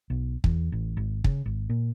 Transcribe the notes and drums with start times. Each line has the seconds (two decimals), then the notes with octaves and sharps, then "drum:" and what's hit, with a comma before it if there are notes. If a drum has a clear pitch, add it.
0.10 B1
0.44 E2, drum: kick
0.72 A1
0.97 G#1
1.24 C#3, drum: kick
1.46 G#1
1.70 A#2